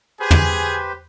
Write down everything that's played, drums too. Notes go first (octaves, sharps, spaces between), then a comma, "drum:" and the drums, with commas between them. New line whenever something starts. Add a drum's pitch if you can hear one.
G4 G#4 B4 C5 G#5
drum: tom